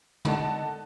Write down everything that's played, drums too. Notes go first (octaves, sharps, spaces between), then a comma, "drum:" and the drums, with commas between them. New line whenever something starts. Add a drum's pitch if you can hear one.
A#3 D4 D#4 A4 F#5 A5, drum: tom